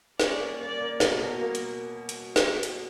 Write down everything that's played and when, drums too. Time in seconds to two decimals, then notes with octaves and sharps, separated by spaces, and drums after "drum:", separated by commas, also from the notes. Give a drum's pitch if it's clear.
0.20 C#4 D5, drum: snare
0.40 A#3
0.60 A#3 D5
0.80 A#3
1.00 B2 A#4, drum: snare
1.21 B2
1.41 A#3
1.55 drum: hi-hat
2.09 drum: hi-hat
2.36 drum: snare
2.63 drum: hi-hat